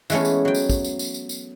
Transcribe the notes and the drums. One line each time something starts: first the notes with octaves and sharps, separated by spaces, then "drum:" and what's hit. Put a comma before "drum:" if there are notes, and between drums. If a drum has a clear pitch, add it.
E3 G#3 A3 B3 C#4, drum: tambourine
drum: tambourine
F#3 G5
drum: tambourine
drum: kick, tambourine
drum: tambourine
drum: tambourine
drum: tambourine
drum: tambourine